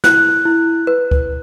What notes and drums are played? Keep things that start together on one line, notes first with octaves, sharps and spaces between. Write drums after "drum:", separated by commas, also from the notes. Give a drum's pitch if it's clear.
E4 F#6, drum: snare
E4
B4
drum: kick C#2